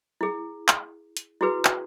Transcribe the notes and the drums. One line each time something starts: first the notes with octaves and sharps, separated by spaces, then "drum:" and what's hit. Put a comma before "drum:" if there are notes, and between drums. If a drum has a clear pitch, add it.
E4 G#4
drum: clap
drum: hi-hat
E4 F#4 G#4 B4
drum: clap